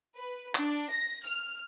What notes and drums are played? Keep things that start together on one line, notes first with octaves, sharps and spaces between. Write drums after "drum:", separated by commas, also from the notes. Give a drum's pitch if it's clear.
B4
D4, drum: clap
A#6
F6, drum: tambourine